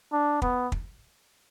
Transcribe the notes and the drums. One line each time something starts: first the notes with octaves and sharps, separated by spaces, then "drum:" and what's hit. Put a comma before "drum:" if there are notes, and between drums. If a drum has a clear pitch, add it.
D4
B3, drum: kick
drum: kick